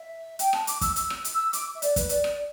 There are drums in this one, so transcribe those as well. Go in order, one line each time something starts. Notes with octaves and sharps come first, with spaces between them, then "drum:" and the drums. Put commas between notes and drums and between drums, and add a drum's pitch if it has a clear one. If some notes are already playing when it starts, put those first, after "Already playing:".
Already playing: E5
G5, drum: hi-hat
A5, drum: rim click
D6, drum: hi-hat
E6, drum: kick, hi-hat
E6, drum: hi-hat
drum: rim click
drum: hi-hat
E6
D6, drum: hi-hat
E5
D5, drum: hi-hat
B4, drum: kick, hi-hat
D5, drum: hi-hat
drum: rim click